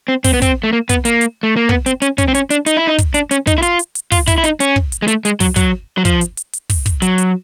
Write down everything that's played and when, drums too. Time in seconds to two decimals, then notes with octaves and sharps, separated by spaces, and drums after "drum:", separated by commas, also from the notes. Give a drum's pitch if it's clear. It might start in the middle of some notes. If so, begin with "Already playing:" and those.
0.08 C4
0.24 C4, drum: kick, open hi-hat
0.33 B3
0.42 C4, drum: kick, hi-hat
0.63 A3
0.73 A#3
0.89 B3, drum: kick, hi-hat
1.05 A#3, drum: hi-hat
1.21 drum: hi-hat
1.43 A3
1.56 A#3
1.69 B3, drum: kick
1.86 C4, drum: hi-hat
2.02 C#4, drum: hi-hat
2.18 C#4, drum: kick, hi-hat
2.28 C4
2.35 C#4, drum: hi-hat
2.50 D4, drum: hi-hat
2.66 D#4, drum: hi-hat
2.77 E4
2.87 D#4
2.98 drum: kick, hi-hat
3.14 D4, drum: hi-hat
3.31 C#4, drum: hi-hat
3.47 D#4, drum: kick, hi-hat
3.58 E4
3.62 F4, drum: hi-hat
3.79 drum: hi-hat
3.95 drum: hi-hat
4.12 F4, drum: kick, open hi-hat
4.27 E4, drum: kick, hi-hat
4.38 E4
4.44 D#4, drum: hi-hat
4.60 C#4, drum: hi-hat
4.76 drum: kick
4.92 drum: hi-hat
5.02 G#3
5.08 A3, drum: hi-hat
5.25 G#3, drum: hi-hat
5.40 F#3, drum: kick, open hi-hat
5.56 F#3, drum: kick, hi-hat
5.98 F#3
6.05 F3, drum: kick, hi-hat
6.21 drum: hi-hat
6.37 drum: hi-hat
6.53 drum: hi-hat
6.70 drum: kick, open hi-hat
6.86 drum: kick, hi-hat
7.02 F#3, drum: hi-hat
7.18 drum: hi-hat